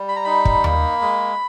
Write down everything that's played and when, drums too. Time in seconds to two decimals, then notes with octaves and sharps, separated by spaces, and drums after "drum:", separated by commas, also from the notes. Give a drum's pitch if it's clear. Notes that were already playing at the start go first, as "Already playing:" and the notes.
Already playing: G3
0.08 B5
0.16 A#5
0.24 D#4 B5
0.45 drum: kick
0.64 A#3, drum: tom D#2
1.02 G#3